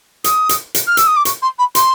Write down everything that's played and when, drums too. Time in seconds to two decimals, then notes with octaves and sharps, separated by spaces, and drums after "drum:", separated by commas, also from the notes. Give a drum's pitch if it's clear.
0.24 D#6, drum: hi-hat
0.49 drum: hi-hat
0.75 drum: hi-hat
0.87 F6
0.97 E6, drum: hi-hat
1.06 D#6
1.16 D6
1.25 C#6, drum: hi-hat
1.42 C6
1.58 B5
1.75 C6, drum: hi-hat